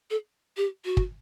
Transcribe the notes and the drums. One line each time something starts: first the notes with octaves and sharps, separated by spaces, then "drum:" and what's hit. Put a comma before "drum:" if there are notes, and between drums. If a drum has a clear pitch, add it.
A4
G4
F#4
drum: kick